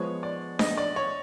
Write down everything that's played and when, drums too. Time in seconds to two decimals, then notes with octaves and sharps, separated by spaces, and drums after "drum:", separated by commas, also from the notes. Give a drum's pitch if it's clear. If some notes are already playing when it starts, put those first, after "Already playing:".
Already playing: F3 G#3 B3 C#5
0.23 D5
0.59 D#5, drum: snare D4
0.77 D5
0.96 C#5